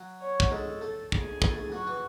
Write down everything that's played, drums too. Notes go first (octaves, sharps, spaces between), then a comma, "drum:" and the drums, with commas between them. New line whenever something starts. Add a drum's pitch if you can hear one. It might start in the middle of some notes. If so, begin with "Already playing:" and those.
Already playing: F#3
C#5
F#3, drum: kick
G#3 A4
A3
G#4, drum: kick
A3, drum: kick
A3
F#3 F#4
E3